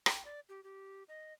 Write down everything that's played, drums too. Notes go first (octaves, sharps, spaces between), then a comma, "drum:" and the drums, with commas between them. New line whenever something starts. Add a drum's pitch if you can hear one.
G5, drum: rim click
D5
G4
G4
D#5